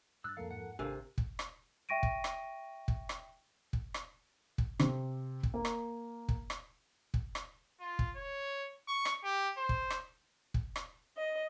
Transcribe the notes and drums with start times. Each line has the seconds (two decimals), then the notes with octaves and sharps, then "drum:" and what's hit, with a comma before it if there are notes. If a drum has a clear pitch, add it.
0.24 G2 E6 F#6 A6
0.37 F2 F3 A#3 A4 A#4 F5 C#7
0.51 G#2 F#5
0.79 G#1 C3 D4 A4 A#4 F5 G#5 F#6
1.18 drum: kick
1.39 drum: rim click
1.89 E5 G5 C#6 A#6 D7 D#7
2.03 drum: kick
2.24 drum: rim click
2.88 drum: kick
3.09 drum: rim click
3.73 drum: kick
3.94 drum: rim click
4.58 drum: kick
4.80 C3, drum: rim click
5.43 drum: kick
5.54 A#3
5.65 drum: rim click
6.29 drum: kick
6.50 drum: rim click
7.14 drum: kick
7.35 drum: rim click
7.80 F4
7.99 drum: kick
8.16 C#5
8.88 C#6
9.05 drum: rim click
9.24 G4
9.57 C5
9.69 drum: kick
9.90 drum: rim click
10.54 drum: kick
10.76 drum: rim click
11.16 D#5